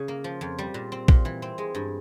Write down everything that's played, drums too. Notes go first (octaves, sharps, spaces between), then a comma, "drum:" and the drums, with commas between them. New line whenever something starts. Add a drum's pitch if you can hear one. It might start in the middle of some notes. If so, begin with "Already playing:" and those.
Already playing: C#3
A#3
F3
F2
G3
A#2
C4
A#2, drum: kick
E3
C4
G#3
G2